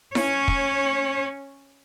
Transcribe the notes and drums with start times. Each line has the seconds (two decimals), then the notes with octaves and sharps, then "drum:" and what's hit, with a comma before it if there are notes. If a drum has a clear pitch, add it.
0.15 C#4 C#5, drum: snare E4
0.48 drum: kick